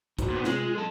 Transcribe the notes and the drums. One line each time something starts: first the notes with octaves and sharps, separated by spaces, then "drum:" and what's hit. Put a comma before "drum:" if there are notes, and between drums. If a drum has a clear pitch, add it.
D#4 F#4 C5, drum: kick, hi-hat
A#2 B3
G#3 F4 G#5, drum: snare
A4 D#5 A5